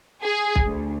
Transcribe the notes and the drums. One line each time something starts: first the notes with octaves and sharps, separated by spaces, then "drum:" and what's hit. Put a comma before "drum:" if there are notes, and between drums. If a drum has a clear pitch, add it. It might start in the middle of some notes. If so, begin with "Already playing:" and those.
G#4
drum: kick B1
D2